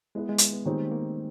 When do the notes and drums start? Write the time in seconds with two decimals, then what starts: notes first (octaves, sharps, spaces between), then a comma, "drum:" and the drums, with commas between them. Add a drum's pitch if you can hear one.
0.15 G#3 B3 E4 G#4
0.29 G#3
0.38 drum: hi-hat
0.53 B3
0.66 D#3 G3 A#3 C4 D#4 G#4
0.78 A3
0.91 A#3